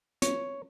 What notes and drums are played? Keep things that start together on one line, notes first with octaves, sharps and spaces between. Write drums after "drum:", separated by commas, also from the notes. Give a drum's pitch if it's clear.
C#5, drum: hi-hat